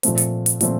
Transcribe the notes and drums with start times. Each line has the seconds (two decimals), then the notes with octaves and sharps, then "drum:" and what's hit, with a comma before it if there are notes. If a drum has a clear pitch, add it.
0.03 A#2 F3 A3 C4, drum: hi-hat
0.18 drum: hi-hat
0.46 drum: hi-hat
0.61 A#2 F3 A3 C4, drum: hi-hat